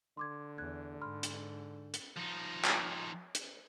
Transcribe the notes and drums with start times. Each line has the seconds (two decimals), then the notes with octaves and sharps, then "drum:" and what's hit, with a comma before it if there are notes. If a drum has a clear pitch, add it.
0.17 D3 C6 D6 G#6
0.58 E2 F#6 G#6
1.01 G#2 B5 C6 F6
1.23 drum: hi-hat
1.94 drum: hi-hat
2.17 F3 D#4
2.64 drum: clap
3.35 drum: hi-hat